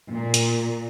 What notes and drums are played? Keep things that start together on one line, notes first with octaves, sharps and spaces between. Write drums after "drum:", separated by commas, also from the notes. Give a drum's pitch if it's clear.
A#2
drum: hi-hat